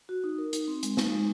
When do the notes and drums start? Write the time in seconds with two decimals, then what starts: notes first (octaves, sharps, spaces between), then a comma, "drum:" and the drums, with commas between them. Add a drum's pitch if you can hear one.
0.09 F#4
0.24 D#4
0.38 A#4
0.53 D#4, drum: hi-hat
0.68 C4
0.83 G#3, drum: hi-hat
0.97 D#4, drum: snare
1.12 G#3